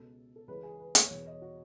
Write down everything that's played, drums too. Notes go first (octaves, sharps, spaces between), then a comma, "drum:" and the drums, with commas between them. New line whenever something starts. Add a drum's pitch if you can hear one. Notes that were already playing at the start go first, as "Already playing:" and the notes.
Already playing: C#2 B2 A4
A4
C#2 C#3 E3 B4
G#4
B4
C#5, drum: hi-hat
E2 B2 C#5
C#5
D#5
F#4